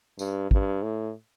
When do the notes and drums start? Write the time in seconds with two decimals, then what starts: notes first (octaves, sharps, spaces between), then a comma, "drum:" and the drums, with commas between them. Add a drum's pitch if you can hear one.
0.19 G2, drum: tambourine
0.51 G2, drum: kick
0.83 A2